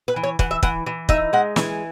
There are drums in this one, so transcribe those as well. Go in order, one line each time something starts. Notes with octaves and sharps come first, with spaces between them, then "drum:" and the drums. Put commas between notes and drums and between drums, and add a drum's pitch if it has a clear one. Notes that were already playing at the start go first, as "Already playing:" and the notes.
B4
E3
C#5
E3 F#5, drum: kick
E5
E3 F#5, drum: kick
E3
D#4 E5, drum: kick
G#3 F#5
E3 G#5, drum: snare